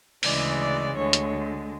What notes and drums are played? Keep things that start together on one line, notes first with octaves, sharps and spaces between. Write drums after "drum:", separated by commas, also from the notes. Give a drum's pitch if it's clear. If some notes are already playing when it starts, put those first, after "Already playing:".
D2 C#3 E3 G#3 D5, drum: open hi-hat
D5
D2 D3 G#3 C#5
drum: hi-hat